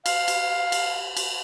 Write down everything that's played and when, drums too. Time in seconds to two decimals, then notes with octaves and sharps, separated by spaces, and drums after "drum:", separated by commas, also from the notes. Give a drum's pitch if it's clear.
0.06 F5, drum: cymbal
0.28 drum: cymbal
0.72 drum: cymbal
1.17 drum: cymbal